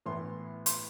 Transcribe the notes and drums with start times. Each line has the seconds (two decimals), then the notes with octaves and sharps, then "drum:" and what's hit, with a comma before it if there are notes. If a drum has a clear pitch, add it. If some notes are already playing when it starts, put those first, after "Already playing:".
0.06 A2 E3 B3 E4 C6
0.66 C6, drum: hi-hat